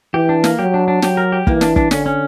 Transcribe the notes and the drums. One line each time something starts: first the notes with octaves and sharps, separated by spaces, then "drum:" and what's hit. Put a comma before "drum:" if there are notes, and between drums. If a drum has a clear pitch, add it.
E3 G4
D4
A#3, drum: snare
F#3 G4
D4
D4
F#3 G4, drum: snare
A#4
G4
E3 A#3, drum: kick
D4, drum: snare
D4, drum: kick
D3 C#4, drum: snare
C#4